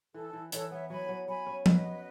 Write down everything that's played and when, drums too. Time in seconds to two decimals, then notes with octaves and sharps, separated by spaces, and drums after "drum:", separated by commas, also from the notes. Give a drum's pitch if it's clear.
0.14 E3 A4
0.33 E3
0.52 E3 A4 C#5, drum: hi-hat
0.71 B3 C#5 E5
0.90 F#3 G#5 B5
1.09 F#3
1.28 F#3 G#5 B5
1.46 C#4
1.66 F#3 B4 D#5, drum: tom F3
1.85 B3